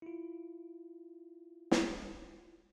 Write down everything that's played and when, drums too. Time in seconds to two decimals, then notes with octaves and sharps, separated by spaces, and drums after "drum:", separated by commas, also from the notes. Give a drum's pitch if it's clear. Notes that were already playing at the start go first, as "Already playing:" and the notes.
0.02 E4 F4
1.71 drum: snare